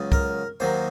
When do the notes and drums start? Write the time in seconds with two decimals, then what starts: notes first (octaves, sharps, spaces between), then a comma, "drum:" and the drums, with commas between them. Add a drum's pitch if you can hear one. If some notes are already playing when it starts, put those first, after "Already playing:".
Already playing: C#2 C#3 F#3
0.12 A#4, drum: kick
0.60 D#2 D#3 F#3 C5